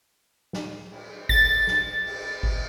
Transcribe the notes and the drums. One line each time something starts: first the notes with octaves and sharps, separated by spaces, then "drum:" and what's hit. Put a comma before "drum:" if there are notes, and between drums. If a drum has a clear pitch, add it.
drum: snare
drum: cymbal
A6, drum: kick G#1, cymbal
drum: snare
drum: cymbal
drum: kick G#1, cymbal